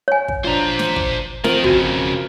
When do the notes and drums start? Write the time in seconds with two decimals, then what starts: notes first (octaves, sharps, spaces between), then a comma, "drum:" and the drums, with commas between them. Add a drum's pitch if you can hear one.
0.08 C#5 G#5
0.28 drum: kick
0.44 F3 D4 C5 A#5
0.79 drum: snare
0.96 drum: kick
1.44 D#3 F3 C4 A#4, drum: snare
1.64 F2 C#3 F#4, drum: kick